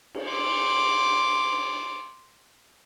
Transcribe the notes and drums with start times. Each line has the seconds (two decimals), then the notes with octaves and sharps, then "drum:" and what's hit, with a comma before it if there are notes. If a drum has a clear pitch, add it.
0.14 drum: cymbal
0.31 C6 D6